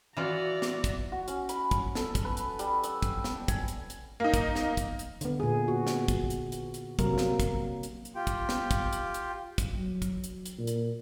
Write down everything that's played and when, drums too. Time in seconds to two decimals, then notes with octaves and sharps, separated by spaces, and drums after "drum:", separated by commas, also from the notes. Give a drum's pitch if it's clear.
0.17 E3 F4 F#4 D5 A#5
0.62 drum: snare
0.84 drum: kick, hi-hat
1.12 F#4
1.28 C#4, drum: hi-hat
1.49 B5, drum: hi-hat
1.71 drum: kick, hi-hat
1.95 A4, drum: snare
2.15 drum: kick, hi-hat
2.25 B4
2.37 drum: hi-hat
2.59 G3, drum: hi-hat
2.84 E6, drum: hi-hat
3.02 drum: kick, hi-hat
3.24 drum: snare
3.48 G#5, drum: kick, hi-hat
3.68 drum: hi-hat
3.90 drum: hi-hat
4.20 A#3 D#4
4.34 drum: kick, hi-hat
4.55 drum: snare
4.77 drum: kick, hi-hat
4.99 drum: hi-hat
5.21 D3 B3, drum: hi-hat
5.40 A#2 G#4
5.68 F#4
5.87 drum: snare
6.08 drum: kick, hi-hat
6.30 drum: hi-hat
6.52 drum: hi-hat
6.74 drum: hi-hat
6.99 C3 F#3 A#3 A#4, drum: kick, hi-hat
7.18 drum: snare
7.40 drum: kick, hi-hat
7.83 drum: hi-hat
8.05 drum: hi-hat
8.15 F4 G4 G5
8.27 drum: kick, hi-hat
8.49 drum: snare
8.71 drum: kick, hi-hat
8.93 drum: hi-hat
9.14 drum: hi-hat
9.58 drum: kick, hi-hat
9.77 F#3
10.02 drum: kick, hi-hat
10.24 drum: hi-hat
10.46 drum: hi-hat
10.58 A#2
10.67 drum: hi-hat